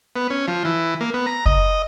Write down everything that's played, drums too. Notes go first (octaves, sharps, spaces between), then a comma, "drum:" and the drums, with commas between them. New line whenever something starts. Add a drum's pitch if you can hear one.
B3
C#4
F3
E3
A#3
B3
A#5
D#5, drum: kick F#1